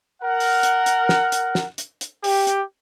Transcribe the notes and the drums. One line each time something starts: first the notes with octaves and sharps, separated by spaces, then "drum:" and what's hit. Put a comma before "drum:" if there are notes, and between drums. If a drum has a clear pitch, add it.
A#4 F#5
drum: open hi-hat
drum: hi-hat
drum: hi-hat
drum: snare
drum: hi-hat
drum: snare
drum: hi-hat
drum: hi-hat
G4, drum: open hi-hat
drum: hi-hat